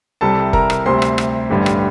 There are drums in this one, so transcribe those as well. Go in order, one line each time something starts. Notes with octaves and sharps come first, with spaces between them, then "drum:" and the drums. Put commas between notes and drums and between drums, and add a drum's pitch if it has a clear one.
C2 C3 G3 A4 A5
A#4 A#5, drum: kick
drum: rim click
D2 C3 G3 C5 C6
drum: rim click
drum: rim click
A1 G2 D3 G3
drum: rim click